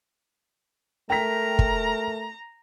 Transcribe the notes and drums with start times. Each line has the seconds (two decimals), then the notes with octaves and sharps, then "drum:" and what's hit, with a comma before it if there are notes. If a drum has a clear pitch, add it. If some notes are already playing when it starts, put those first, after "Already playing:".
1.10 A3 A#4 G5 A#5 B6
1.59 drum: kick